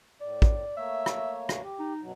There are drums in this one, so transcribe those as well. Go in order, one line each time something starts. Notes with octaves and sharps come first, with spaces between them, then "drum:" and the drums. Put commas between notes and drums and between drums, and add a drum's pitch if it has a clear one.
A2 D5
drum: kick
A3 A#3 C#5 E5
drum: rim click
drum: rim click
G4
D#4
F#2 B2 F#3